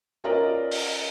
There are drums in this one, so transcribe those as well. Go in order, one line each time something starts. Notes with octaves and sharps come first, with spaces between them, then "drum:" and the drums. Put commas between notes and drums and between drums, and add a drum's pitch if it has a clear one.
C#4 F4 A#4 B4 D5 D#5
drum: open hi-hat